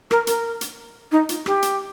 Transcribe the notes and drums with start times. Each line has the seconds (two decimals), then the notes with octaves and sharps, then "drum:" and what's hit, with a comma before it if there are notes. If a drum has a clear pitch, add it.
0.11 A#4, drum: rim click
0.27 A#4, drum: hi-hat
0.61 drum: hi-hat
1.12 D#4
1.29 F4, drum: hi-hat
1.46 G4, drum: rim click
1.62 drum: hi-hat